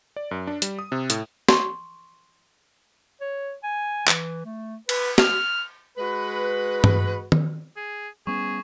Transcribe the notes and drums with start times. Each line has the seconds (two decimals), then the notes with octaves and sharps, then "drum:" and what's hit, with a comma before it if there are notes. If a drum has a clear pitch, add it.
0.16 D5
0.31 F#2
0.47 D4
0.62 G3, drum: hi-hat
0.79 D#6
0.92 C3
1.10 A2, drum: hi-hat
1.49 C6 C#6, drum: snare
3.21 C#5
3.64 G#5
4.08 E3, drum: clap
4.45 A3
4.89 B4, drum: cymbal
5.18 F6, drum: snare
5.98 G#3 F#4 B4
6.84 drum: tom G2
7.32 drum: tom D#3
7.76 G#4
8.27 G3 B3 C#4 G#4 C#6